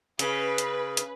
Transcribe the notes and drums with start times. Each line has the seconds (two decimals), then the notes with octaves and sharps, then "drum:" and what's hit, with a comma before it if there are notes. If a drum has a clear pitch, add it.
0.19 C#3 B4, drum: hi-hat
0.58 drum: hi-hat
0.97 drum: hi-hat